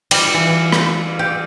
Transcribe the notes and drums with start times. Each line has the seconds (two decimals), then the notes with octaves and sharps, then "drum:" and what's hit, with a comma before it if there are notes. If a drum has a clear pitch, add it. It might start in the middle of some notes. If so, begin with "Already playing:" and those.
0.11 G3, drum: cymbal
0.34 E3
0.72 drum: rim click
1.19 G4